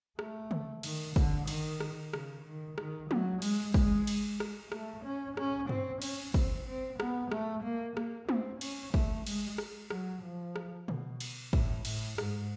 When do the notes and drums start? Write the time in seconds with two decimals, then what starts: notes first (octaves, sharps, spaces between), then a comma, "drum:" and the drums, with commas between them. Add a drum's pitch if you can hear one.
0.19 A3, drum: rim click
0.51 drum: tom C#3
0.83 D#3, drum: cymbal
1.16 D3, drum: kick
1.47 D#3, drum: cymbal
1.80 drum: rim click
2.13 C#3, drum: rim click
2.45 D#3
2.78 D#3, drum: rim click
3.11 F#3, drum: tom G#3
3.42 G#3, drum: cymbal
3.74 G#3, drum: kick
4.07 drum: cymbal
4.40 G#3, drum: rim click
4.72 A3, drum: rim click
5.05 C#4
5.37 C#4, drum: rim click
5.69 C4, drum: tom G2
6.02 C#4, drum: cymbal
6.34 C4, drum: kick
6.67 C4
7.00 B3, drum: rim click
7.32 A3, drum: rim click
7.63 A#3
7.97 A#3, drum: rim click
8.29 C4, drum: tom G#3
8.61 C#4, drum: cymbal
8.94 A3, drum: kick
9.27 G#3, drum: cymbal
9.58 drum: rim click
9.90 F#3, drum: rim click
10.23 F3
10.56 drum: rim click
10.88 B2, drum: tom C#3
11.20 drum: cymbal
11.53 A2, drum: kick
11.85 A2, drum: cymbal
12.18 G#2, drum: rim click